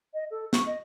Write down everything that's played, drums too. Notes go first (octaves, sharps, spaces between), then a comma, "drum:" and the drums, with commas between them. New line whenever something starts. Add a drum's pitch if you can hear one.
D#5
A4
C#6, drum: snare
D#5